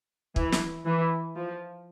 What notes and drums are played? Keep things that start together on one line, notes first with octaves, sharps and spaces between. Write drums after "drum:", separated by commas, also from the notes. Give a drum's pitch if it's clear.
E3, drum: kick
drum: snare
E3
F3